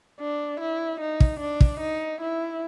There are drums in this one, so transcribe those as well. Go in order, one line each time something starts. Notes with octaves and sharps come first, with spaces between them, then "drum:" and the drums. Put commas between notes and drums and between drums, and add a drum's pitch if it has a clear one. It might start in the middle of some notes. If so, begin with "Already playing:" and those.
D4
E4
D#4
drum: kick
D4
drum: kick
D#4
E4